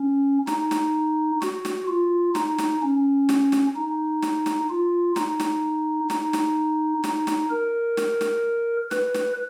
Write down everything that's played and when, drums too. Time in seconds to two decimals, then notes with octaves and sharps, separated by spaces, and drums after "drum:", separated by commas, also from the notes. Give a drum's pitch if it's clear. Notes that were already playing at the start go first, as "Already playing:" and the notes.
Already playing: C#4
0.47 D#4, drum: snare
0.71 drum: snare
1.42 F#4, drum: snare
1.65 drum: snare
1.88 F4
2.35 D#4, drum: snare
2.58 drum: snare
2.82 C#4
3.29 drum: snare
3.52 drum: snare
3.76 D#4
4.22 drum: snare
4.46 drum: snare
4.70 F4
5.16 D#4, drum: snare
5.40 drum: snare
6.10 D#4, drum: snare
6.33 drum: snare
7.04 D#4, drum: snare
7.27 drum: snare
7.50 A#4
7.97 drum: snare
8.21 drum: snare
8.91 B4, drum: snare
9.14 drum: snare